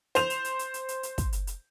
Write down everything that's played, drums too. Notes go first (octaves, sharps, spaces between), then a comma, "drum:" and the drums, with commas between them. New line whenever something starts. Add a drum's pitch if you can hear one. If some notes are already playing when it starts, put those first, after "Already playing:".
C5 F7, drum: hi-hat
drum: hi-hat
drum: hi-hat
drum: hi-hat
drum: hi-hat
drum: hi-hat
drum: hi-hat
drum: kick, hi-hat
drum: hi-hat
drum: hi-hat